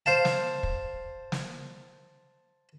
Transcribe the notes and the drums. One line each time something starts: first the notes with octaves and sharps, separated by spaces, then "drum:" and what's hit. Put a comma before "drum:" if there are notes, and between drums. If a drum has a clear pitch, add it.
C5 F5 A5
drum: snare
drum: kick
drum: snare